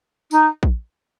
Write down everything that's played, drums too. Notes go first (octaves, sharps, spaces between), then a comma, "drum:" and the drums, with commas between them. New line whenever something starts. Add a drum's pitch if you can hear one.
D#4, drum: tambourine
drum: kick